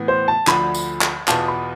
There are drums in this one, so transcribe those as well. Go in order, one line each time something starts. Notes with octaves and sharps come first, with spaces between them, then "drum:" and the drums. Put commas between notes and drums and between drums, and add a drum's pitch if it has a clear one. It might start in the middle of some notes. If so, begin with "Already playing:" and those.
Already playing: A2 E3 B3
C5
A5
D2 D3 F3 B5, drum: clap
drum: tambourine
drum: clap
E2 B2 B3 F4 A5, drum: clap
B5